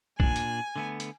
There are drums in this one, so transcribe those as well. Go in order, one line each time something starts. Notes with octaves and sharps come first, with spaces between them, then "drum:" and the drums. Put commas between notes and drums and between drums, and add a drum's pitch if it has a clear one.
A#2 D4 G#5, drum: kick
drum: hi-hat
D3 A3 B3
drum: hi-hat